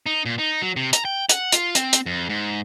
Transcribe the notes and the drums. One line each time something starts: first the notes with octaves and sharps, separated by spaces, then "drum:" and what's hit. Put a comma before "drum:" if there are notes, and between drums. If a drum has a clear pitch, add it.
D#4
A#2
D#4
F#3
C3
A#5, drum: hi-hat
G5
F#5, drum: hi-hat
F4, drum: hi-hat
C4, drum: hi-hat
drum: hi-hat
F2
G#2